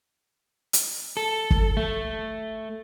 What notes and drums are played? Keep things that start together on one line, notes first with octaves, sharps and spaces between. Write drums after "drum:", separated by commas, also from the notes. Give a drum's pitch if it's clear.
drum: hi-hat
A4
drum: kick
A3